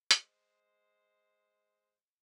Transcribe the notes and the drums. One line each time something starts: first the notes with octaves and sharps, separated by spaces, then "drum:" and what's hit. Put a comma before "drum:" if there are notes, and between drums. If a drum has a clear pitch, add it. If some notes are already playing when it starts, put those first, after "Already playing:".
G#3 C5 D#5, drum: hi-hat